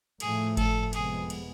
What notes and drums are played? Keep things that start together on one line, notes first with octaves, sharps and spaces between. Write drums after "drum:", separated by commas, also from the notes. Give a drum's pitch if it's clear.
A2 F3 A3 G#4, drum: cymbal
A4, drum: kick G1, cymbal
F2 C3 G#3 B3 G#4, drum: cymbal
drum: cymbal